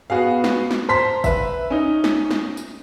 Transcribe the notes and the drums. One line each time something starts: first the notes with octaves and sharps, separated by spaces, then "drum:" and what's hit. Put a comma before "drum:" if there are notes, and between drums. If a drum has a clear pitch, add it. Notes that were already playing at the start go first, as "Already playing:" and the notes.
B3 F#4 G#4 F5
drum: snare
drum: snare
C5 A5 A#5 C6 B6
B4 E5, drum: kick, tambourine
C#4 D#4
drum: snare
drum: snare
drum: tambourine